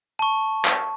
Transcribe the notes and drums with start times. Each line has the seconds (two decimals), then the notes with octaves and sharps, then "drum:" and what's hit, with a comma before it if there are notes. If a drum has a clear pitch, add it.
0.19 A5 C#6
0.65 drum: clap